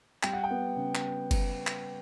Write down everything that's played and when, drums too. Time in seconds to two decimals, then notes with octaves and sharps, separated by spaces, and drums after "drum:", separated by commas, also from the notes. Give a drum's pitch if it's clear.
0.23 G3 G5, drum: clap
0.33 F#5
0.44 G5
0.51 B3
0.77 C#3
0.95 drum: clap
1.31 drum: kick F#1, cymbal
1.67 drum: clap